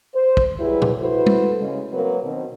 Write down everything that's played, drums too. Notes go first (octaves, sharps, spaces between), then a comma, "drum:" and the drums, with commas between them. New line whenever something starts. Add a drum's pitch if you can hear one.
C5
drum: kick
F#3 G3 E4 G#4 B4
drum: tom
E4 F#4 A4 B4 C5
drum: tom
C#3 G#3
F#3 A#3 C4 A#4 B4
B2 D#3 C4